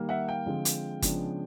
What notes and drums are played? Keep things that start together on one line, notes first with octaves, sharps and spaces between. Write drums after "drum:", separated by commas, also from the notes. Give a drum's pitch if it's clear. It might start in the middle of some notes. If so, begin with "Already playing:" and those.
Already playing: D#3 G3 A#3
E5 F#5
F5 G5
D3 F3 G#3 C4
drum: hi-hat
C#3 F3 G#3 B3 D4, drum: kick G1, hi-hat